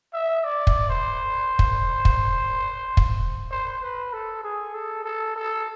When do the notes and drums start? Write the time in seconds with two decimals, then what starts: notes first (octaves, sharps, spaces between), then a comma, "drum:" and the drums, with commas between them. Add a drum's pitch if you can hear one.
0.13 E5
0.44 D5
0.67 drum: kick
0.89 C5
1.59 drum: kick
2.05 drum: kick
2.97 drum: kick
3.51 C5
3.82 B4
4.13 A4
4.43 G#4
4.74 A4
5.04 A4
5.36 A4